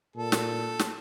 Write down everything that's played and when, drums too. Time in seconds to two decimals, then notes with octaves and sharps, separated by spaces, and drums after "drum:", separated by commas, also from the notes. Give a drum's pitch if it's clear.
0.16 A#2 A4
0.32 drum: snare
0.79 drum: snare